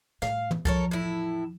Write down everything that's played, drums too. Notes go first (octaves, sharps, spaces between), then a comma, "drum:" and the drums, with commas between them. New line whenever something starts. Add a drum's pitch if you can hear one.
A2 F5, drum: snare
drum: tom
E2 F3 A4 A#4 C#5, drum: kick C2
A2 E4